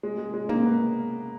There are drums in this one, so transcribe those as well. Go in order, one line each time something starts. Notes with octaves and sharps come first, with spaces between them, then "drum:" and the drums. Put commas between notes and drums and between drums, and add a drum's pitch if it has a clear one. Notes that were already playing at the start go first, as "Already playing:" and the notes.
G#3
G#3
G#3
A#3, drum: tom
B3